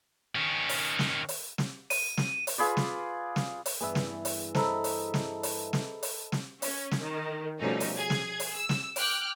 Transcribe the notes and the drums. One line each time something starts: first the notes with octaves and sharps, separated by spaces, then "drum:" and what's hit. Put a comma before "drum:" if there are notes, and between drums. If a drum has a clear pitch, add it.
D#3 C#4
drum: open hi-hat
drum: snare
drum: open hi-hat
drum: snare
D#7, drum: open hi-hat
drum: snare
drum: open hi-hat
F4 G#4 B4 D5
drum: snare
drum: snare
drum: open hi-hat
G2 E3 B3 G#4 B4 E5
drum: snare
drum: open hi-hat
A4 C5 D#5 A#5 B5 E6, drum: snare
drum: open hi-hat
drum: snare
drum: open hi-hat
drum: snare
drum: open hi-hat
drum: snare
C#4, drum: open hi-hat
drum: snare
D#3
B2 F3 G3 A3 C#4 D#4
drum: open hi-hat
G#4 G#6
drum: snare
drum: open hi-hat
E6
drum: snare
G5 D6 F6 F#6, drum: open hi-hat